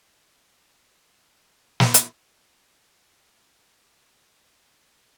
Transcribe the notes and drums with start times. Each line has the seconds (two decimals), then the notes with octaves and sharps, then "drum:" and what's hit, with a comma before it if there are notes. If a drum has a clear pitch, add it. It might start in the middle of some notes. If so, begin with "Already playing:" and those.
0.47 F#4
0.78 F3
1.80 drum: snare
1.94 drum: hi-hat
2.64 C#5
3.26 F3
3.65 D#3
4.14 D#4
4.31 F3
4.48 G3
4.86 B4